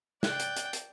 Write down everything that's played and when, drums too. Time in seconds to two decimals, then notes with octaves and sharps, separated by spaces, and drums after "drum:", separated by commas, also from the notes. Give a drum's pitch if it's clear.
0.23 D5 G5 F#6, drum: snare
0.40 drum: hi-hat
0.56 drum: hi-hat
0.73 drum: hi-hat